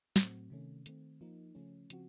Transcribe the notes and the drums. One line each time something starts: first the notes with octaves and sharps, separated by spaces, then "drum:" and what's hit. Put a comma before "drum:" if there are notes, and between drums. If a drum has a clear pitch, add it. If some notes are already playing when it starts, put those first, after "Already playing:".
A2 F#3 A3 C4 F#4, drum: snare
C3 D#3 A3 C#4
D#3 A3 C4, drum: hi-hat
F3 A#3 D#4
C#3 F3 A3 C#4
C#3 F3 C4 F#4, drum: hi-hat